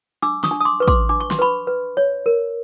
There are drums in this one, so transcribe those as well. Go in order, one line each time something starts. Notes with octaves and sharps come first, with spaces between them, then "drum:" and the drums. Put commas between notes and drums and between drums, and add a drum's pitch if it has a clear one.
D4 D6 E6
C#6 D#6, drum: snare
D4
D#6
C6 D6
B4 C#6
C6 D6, drum: kick, tambourine
D4 D6
C#6
C6, drum: snare
B4 B5 C#6
B4
C#5
A#4